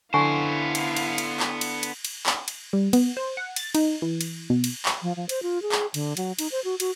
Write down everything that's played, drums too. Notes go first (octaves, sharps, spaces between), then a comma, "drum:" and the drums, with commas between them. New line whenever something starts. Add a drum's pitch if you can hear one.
D3 B3 E4 C5 F5 G#5 C#6
drum: cymbal
drum: cymbal
drum: cymbal
drum: clap
drum: cymbal
drum: cymbal
drum: cymbal
drum: clap
drum: cymbal
G3
B3, drum: cymbal
C5
F#5
A6, drum: cymbal
D#4, drum: cymbal
E3
drum: cymbal
B2
drum: cymbal
drum: clap
F3
F3
C5, drum: cymbal
F4
G#4
drum: clap
D3, drum: cymbal
F#3, drum: cymbal
D#4, drum: cymbal
C5
F#4
F#4, drum: cymbal